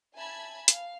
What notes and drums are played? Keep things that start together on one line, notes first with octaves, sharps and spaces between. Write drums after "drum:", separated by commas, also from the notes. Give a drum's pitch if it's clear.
E5 G#5 A5 B5 G#6
F5, drum: hi-hat